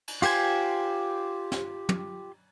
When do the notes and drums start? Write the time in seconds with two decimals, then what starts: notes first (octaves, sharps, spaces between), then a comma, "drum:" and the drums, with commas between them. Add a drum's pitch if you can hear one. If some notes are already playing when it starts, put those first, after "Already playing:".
0.08 drum: cymbal
0.22 F4 G4 C5 G#5, drum: cymbal
1.52 drum: snare
1.89 drum: tom